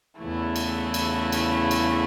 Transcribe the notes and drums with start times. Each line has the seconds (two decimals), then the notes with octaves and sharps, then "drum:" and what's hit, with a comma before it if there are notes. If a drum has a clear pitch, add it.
0.18 E2 C#3 E3 A3 E4
0.56 drum: cymbal
0.94 drum: cymbal
1.32 drum: cymbal
1.71 drum: cymbal